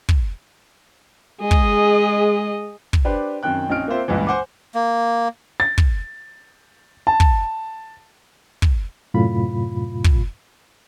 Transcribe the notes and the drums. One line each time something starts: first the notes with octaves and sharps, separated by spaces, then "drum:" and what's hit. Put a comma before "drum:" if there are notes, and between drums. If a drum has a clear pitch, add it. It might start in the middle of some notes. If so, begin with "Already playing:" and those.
drum: kick
G#3 G#4 D#5
drum: kick
drum: kick
D4 G4 B4 C5
F#2 D#3 C4 G5 F#6
A#1 C4 C#4 D#4 F6 D7
A#3 C4 F4 C5 E5
C#2 G2 A#2 E3
C5 F#5 G#5 D6
A#3
A6
drum: kick
A5
drum: kick
drum: kick
F#2 A2 C3 F4 B5
drum: kick